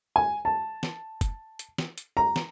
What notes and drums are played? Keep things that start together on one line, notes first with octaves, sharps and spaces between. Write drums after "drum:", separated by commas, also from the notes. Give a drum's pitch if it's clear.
G#5
A5
drum: snare
drum: kick, hi-hat
drum: hi-hat
drum: snare
drum: hi-hat
A#5
drum: snare